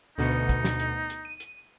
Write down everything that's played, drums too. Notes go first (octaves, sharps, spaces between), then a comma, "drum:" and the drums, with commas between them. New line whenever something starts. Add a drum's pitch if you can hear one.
D2 B2 D#4 C#7
drum: kick, hi-hat
drum: snare
drum: hi-hat
drum: hi-hat
D#7
drum: hi-hat